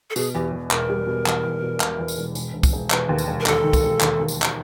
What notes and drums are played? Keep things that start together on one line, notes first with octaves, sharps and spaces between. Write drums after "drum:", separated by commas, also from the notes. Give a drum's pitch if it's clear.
A4
B2 G#4, drum: tambourine
E2 G4
E2
E1 A#4, drum: clap
G3
B2
E2, drum: clap
E2
B2
E1, drum: clap
E2
drum: tambourine
E1
E1, drum: tambourine
E1
drum: kick, tambourine
E1
E1 B4, drum: clap
D#2
drum: tambourine
E1
A#4
D#2 A4, drum: clap
D#3
drum: kick, tambourine
E1
D#2, drum: clap
D#2
drum: tambourine
drum: clap